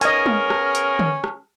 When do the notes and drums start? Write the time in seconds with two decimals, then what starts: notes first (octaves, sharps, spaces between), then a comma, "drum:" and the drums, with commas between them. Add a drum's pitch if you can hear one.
0.01 B3 C#4 G#4 A#4 D#5 G#5, drum: hi-hat
0.26 drum: tom
0.50 drum: rim click
0.75 drum: hi-hat
0.99 drum: tom
1.24 drum: rim click